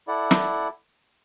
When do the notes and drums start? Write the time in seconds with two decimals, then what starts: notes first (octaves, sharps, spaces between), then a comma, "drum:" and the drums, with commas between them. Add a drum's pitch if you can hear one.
0.08 E4 A4 D5 F#5
0.31 drum: snare